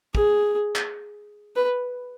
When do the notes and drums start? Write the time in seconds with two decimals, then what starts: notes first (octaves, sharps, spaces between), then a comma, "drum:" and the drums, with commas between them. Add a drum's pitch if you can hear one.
0.15 G#4, drum: kick
0.76 drum: clap
1.56 B4